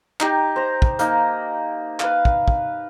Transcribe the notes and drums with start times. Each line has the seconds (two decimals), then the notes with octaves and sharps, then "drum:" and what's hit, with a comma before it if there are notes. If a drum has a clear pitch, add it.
0.20 D#4 G4, drum: clap
0.56 C5 A#5
0.82 drum: kick
0.99 A#3 D#4, drum: hi-hat
2.00 B4 F5, drum: clap
2.25 drum: kick
2.48 drum: kick